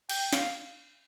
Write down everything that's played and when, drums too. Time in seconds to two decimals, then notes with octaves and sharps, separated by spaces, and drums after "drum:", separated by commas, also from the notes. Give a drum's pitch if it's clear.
0.09 G5, drum: cymbal
0.33 F5, drum: snare